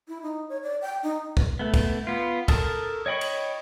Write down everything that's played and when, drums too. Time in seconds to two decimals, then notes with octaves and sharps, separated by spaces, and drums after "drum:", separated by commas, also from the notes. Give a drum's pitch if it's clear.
0.08 E4
0.23 D#4
0.49 C#5
0.63 D5
0.82 G5
1.03 D#4
1.37 drum: kick
1.59 A3 B3
1.74 drum: kick, cymbal
2.07 B3 F4
2.48 A4 A#4 A5 D#6, drum: kick, cymbal
3.06 C#5 D#5 G5 B5 C#6
3.21 drum: cymbal